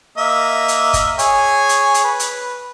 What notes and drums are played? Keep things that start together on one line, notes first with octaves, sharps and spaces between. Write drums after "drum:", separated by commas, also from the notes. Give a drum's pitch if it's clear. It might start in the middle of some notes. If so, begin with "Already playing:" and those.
A#3 D#5 E5
drum: hi-hat
drum: kick F#1, hi-hat
G#4 C#5 G#5, drum: hi-hat
drum: hi-hat
drum: hi-hat
B4
drum: hi-hat